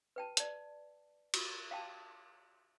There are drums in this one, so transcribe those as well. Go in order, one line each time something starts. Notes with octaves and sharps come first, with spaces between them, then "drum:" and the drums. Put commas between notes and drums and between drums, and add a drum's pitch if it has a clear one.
B4 G5 A5
D5 A5, drum: hi-hat
F4 F#4, drum: cymbal
F5 G5 A5